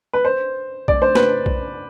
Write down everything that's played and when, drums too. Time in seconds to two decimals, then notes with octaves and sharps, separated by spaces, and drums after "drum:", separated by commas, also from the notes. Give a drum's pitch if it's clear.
0.13 B4
0.25 C5
0.88 D5, drum: kick B1
1.02 C5
1.15 B4, drum: snare
1.46 drum: kick B1